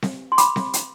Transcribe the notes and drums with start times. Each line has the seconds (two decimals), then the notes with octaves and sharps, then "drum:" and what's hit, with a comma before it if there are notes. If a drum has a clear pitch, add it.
0.02 drum: snare C4
0.32 C6
0.38 B5 D6, drum: hi-hat
0.56 drum: snare C4
0.74 drum: hi-hat